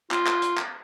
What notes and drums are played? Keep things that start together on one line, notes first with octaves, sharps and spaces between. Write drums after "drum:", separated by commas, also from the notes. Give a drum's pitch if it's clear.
F4, drum: clap
drum: clap
drum: hi-hat
drum: clap